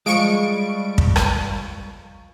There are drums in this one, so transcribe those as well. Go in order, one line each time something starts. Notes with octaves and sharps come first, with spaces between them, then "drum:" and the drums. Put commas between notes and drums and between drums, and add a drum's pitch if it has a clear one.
F3 G3 G#3 C#6 D7
drum: kick
drum: rim click